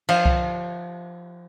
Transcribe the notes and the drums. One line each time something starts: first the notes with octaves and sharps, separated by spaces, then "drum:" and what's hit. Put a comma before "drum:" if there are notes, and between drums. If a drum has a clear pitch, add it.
F3, drum: cymbal
drum: kick C2